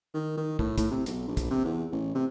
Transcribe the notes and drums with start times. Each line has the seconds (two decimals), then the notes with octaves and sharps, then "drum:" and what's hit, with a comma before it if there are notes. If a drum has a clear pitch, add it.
0.14 D#3
0.37 D#3
0.59 A2, drum: kick
0.78 A2, drum: kick, hi-hat
0.91 C3
1.06 B1, drum: hi-hat
1.28 A#1
1.37 drum: kick, hi-hat
1.50 C3
1.64 E2
1.92 A1
2.15 C3